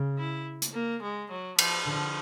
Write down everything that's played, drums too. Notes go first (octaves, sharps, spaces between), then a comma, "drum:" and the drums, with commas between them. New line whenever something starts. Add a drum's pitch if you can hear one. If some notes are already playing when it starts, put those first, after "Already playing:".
Already playing: C#3
E4
drum: hi-hat
A#3
G#3
F#3
F3, drum: cymbal
D3 F3